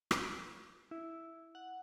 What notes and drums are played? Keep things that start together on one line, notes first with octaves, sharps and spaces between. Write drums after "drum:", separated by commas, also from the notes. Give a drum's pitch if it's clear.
drum: rim click
E4
F#5